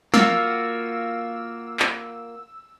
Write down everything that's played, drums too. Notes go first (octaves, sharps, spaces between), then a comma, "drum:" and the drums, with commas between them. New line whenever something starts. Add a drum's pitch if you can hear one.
A#3 F4 F#4 E6, drum: snare
drum: clap